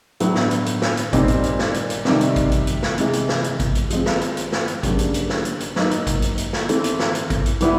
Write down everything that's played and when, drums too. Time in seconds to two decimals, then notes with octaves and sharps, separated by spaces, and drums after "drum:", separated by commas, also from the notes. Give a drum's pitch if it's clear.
0.20 A2 F#3 B3 D4, drum: hi-hat
0.35 drum: snare
0.51 drum: hi-hat
0.66 drum: hi-hat
0.82 drum: snare
0.97 drum: hi-hat
1.13 A#2 G3 C4 D#4, drum: kick A1, hi-hat
1.28 drum: hi-hat
1.44 drum: hi-hat
1.59 drum: snare
1.74 drum: hi-hat
1.90 drum: hi-hat
2.05 C3 D#3 G3, drum: snare
2.21 drum: hi-hat
2.36 drum: kick A1, hi-hat
2.52 drum: hi-hat
2.67 drum: hi-hat
2.82 drum: snare
2.98 C3 E3 G#3, drum: hi-hat
3.13 drum: hi-hat
3.29 drum: snare
3.44 drum: hi-hat
3.60 drum: kick A1, hi-hat
3.75 drum: hi-hat
3.90 F3 G#3 C4, drum: hi-hat
4.06 drum: snare
4.21 drum: hi-hat
4.37 drum: hi-hat
4.52 drum: snare
4.68 drum: hi-hat
4.83 C#3 F#3 A#3 D4 G4, drum: kick A1, hi-hat
4.99 drum: hi-hat
5.14 drum: hi-hat
5.30 drum: snare
5.45 drum: hi-hat
5.60 drum: hi-hat
5.76 F#3 A#3 D#4, drum: snare
5.91 drum: hi-hat
6.07 drum: kick A1, hi-hat
6.22 drum: hi-hat
6.38 drum: hi-hat
6.53 drum: snare
6.69 E3 A3 C4, drum: hi-hat
6.84 drum: hi-hat
6.99 drum: snare
7.15 drum: hi-hat
7.30 drum: kick A1, hi-hat
7.46 drum: hi-hat
7.61 E3 G3 B3 E4, drum: hi-hat